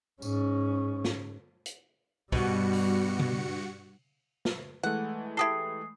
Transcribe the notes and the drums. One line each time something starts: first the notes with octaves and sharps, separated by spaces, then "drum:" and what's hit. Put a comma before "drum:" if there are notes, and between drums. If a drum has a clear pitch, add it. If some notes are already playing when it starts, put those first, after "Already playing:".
G#2 C#4, drum: tambourine
drum: snare
drum: hi-hat
G2 B2 G3 F#4 C#7, drum: kick
drum: open hi-hat
drum: tom B2
drum: snare
E3 G#3 A3 F#5
E4 G4 A4 D#6 C7